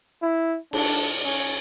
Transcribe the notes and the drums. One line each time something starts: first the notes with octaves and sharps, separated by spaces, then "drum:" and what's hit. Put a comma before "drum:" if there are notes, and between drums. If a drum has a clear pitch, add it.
E4
D4, drum: cymbal
C#4